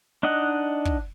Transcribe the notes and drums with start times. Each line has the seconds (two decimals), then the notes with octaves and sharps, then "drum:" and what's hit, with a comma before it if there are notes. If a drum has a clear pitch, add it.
0.23 D4 D#4 D#5 F#5
0.85 drum: kick